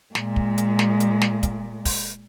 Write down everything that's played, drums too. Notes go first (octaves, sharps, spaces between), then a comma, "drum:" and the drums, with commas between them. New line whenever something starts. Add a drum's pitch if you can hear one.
A#2 G#3, drum: snare
drum: kick
drum: hi-hat
drum: snare
drum: hi-hat
drum: snare
drum: kick, hi-hat
drum: kick, open hi-hat